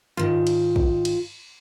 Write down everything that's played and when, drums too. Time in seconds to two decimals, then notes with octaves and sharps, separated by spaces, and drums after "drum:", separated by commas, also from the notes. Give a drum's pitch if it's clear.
0.17 G#2 D#3 F4
0.47 drum: cymbal
0.76 drum: kick
1.05 drum: cymbal